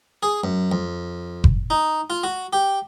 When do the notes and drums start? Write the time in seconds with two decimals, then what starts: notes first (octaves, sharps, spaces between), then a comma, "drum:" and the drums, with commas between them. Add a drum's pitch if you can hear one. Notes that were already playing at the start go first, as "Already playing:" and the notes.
0.23 G#4
0.44 F#2
0.72 F2
1.44 drum: kick F#1
1.70 D#4
2.10 F4
2.24 F#4
2.53 G4